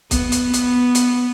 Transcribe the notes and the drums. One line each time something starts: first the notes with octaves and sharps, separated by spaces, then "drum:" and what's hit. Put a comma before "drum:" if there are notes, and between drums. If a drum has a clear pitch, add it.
B3, drum: kick, hi-hat
drum: hi-hat
B3, drum: hi-hat
drum: hi-hat